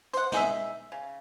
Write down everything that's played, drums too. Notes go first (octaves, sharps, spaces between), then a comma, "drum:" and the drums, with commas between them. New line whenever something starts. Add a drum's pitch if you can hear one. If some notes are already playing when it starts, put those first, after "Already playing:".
C5 F#5, drum: hi-hat
D#4 G#4 E5, drum: snare
C#3